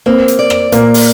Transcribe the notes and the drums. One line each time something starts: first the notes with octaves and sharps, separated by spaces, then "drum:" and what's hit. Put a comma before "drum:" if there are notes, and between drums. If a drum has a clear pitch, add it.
A#3 C4
drum: hi-hat
D5
drum: rim click
A#2 A#3, drum: hi-hat
drum: open hi-hat